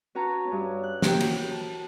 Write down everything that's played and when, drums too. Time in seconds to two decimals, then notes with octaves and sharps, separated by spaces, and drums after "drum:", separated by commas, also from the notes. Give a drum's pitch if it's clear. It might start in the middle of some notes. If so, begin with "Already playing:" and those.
0.15 C#4 F#4 B4 C#5 A5 A#5
0.47 G2 C#4
0.83 F#6
1.02 E3 A#3 G4, drum: snare
1.20 F#4 B5, drum: cymbal
1.51 A5